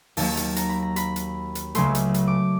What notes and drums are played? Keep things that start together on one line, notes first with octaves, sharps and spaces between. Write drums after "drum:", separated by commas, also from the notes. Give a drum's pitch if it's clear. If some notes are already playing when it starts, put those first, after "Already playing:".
D#2 D#3 F#3 A#3 A5, drum: open hi-hat
drum: hi-hat
A#5, drum: hi-hat
B5
A#5
B5, drum: hi-hat
drum: hi-hat
drum: hi-hat
C#2 C#3 F#3 A3 C6, drum: hi-hat
drum: hi-hat
drum: hi-hat
D6